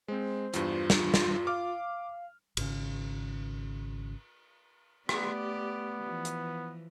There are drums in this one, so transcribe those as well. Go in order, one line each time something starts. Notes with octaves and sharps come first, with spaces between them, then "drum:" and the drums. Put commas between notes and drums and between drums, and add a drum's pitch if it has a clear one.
G#3 C4 C5
E2 G2 F4, drum: hi-hat
drum: snare
C6, drum: snare
F5 D6 F6
G#1 C#3, drum: cymbal
A3 B3 G4 D5, drum: rim click
E3 F3
drum: hi-hat